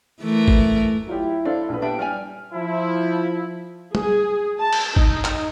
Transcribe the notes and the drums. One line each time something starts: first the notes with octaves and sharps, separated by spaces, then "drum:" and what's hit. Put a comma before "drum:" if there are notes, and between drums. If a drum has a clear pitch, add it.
E3 A3 A#4
drum: kick G#1
F#3 E4 F4 G4
D4 A4 C5 F5
A#1 B4
B3 D4 G4 E5 D7
G3 D5 G#5 F6
F3 E4
G#4, drum: tom
A5
drum: cymbal
D#4, drum: kick G#1
drum: clap